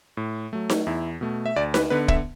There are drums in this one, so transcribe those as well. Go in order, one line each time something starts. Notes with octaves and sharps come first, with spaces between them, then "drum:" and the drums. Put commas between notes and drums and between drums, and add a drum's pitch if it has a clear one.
A2
F#3 A3
drum: snare D#4
E2 E4
B2 A3
E5
D2 D5
B4, drum: snare D#4
D3 B3 B4
E5, drum: kick